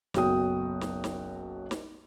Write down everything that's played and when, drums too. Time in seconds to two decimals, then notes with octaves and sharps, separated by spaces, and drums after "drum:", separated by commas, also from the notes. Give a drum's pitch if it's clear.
0.14 F#1 B1 F#4 G5 D#6, drum: snare
0.81 drum: snare
1.04 drum: snare
1.71 drum: snare